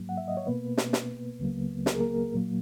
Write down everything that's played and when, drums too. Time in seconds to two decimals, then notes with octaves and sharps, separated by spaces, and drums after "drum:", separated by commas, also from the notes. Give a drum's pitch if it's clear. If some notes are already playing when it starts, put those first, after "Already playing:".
Already playing: G#2 F#3 A#3
0.09 F#5
0.17 E5
0.28 D#5
0.37 C#5
0.46 B2 A#3 B3 B4
0.77 drum: snare
0.93 drum: snare
1.39 C#2 C#3 F#3 A#3
1.86 A#4, drum: snare
1.94 G#4
2.00 A#3 A#4
2.33 A#2 F#3 A#3